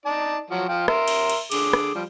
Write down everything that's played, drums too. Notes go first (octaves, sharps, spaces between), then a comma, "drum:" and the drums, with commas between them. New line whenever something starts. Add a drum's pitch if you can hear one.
D#4 D5 A5
F3 F#3 F#4
F3 F5 G5
A#4 E5 C6, drum: rim click
drum: cymbal
drum: cymbal
D3 G#4 D6, drum: cymbal
drum: rim click
F3 G3